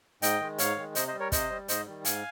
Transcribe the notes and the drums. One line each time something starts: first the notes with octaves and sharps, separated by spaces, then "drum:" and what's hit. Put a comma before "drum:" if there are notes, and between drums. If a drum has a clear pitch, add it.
G#2 D#5 G5, drum: hi-hat
D#3 G#3
G#2 C#5 F5, drum: hi-hat
D#3 G#3
C3 C5 D#5, drum: hi-hat
C5 D#5
G3
A#4 C#5
C3 C5 D#5, drum: kick, hi-hat
G3
G#2 C5 D#5, drum: hi-hat
D#3 G3
G#2 F5 G#5, drum: hi-hat